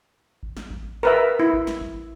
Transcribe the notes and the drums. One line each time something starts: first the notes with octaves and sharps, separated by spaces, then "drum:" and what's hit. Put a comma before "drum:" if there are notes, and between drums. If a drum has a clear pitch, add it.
drum: kick A1
drum: snare
drum: kick A1
A#4 B4 E5
E4
drum: kick A1
drum: snare
drum: kick A1